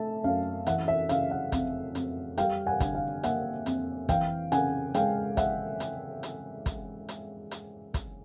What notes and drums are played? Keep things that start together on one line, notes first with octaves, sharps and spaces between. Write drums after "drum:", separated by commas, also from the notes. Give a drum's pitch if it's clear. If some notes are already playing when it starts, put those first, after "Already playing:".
Already playing: A3 E5 A5
F#2 F5
E3 E5 F#5, drum: hi-hat
E5
C#3 F5, drum: hi-hat
E5 F#5
F2, drum: kick, hi-hat
F2, drum: hi-hat
G3 F5 G5, drum: hi-hat
F#5 G#5
D3, drum: kick, hi-hat
F5
A#3 E5 F#5, drum: hi-hat
F2, drum: hi-hat
E3 F5 G5, drum: kick, hi-hat
C#3 F#5 G#5, drum: hi-hat
G#3 F5 G5, drum: hi-hat
E5 F#5, drum: kick, hi-hat
drum: hi-hat
drum: hi-hat
drum: kick, hi-hat
drum: hi-hat
drum: hi-hat
drum: kick, hi-hat